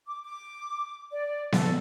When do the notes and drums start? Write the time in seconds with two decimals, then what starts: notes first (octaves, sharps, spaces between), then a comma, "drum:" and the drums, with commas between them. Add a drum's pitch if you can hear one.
0.07 D6
0.24 D6
1.11 D5
1.52 A4, drum: snare B3